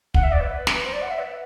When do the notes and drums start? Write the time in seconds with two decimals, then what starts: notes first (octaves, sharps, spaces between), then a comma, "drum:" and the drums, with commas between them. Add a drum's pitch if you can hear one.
0.14 F#5, drum: kick
0.23 E5
0.32 D5
0.41 B4
0.67 drum: snare
0.84 C5
0.93 D5
1.02 F#5
1.11 E5
1.19 B4